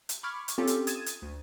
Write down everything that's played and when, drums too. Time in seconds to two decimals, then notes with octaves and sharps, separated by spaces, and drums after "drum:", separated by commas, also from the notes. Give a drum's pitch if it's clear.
0.09 drum: hi-hat
0.23 B5 C#6 D6 F6 G#6
0.48 drum: hi-hat
0.58 C4 C#4 F4 G4 A4
0.67 drum: hi-hat
0.87 D#6 G#6 A6 D#7 E7, drum: hi-hat
1.06 drum: hi-hat
1.22 D2